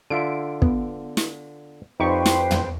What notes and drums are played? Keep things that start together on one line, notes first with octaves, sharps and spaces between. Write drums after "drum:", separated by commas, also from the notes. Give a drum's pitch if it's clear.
D3 F4 E5 D7
B3, drum: kick
drum: snare
F2 D#4 G4 B4 C5 D5 G5 C#6
drum: snare
drum: tom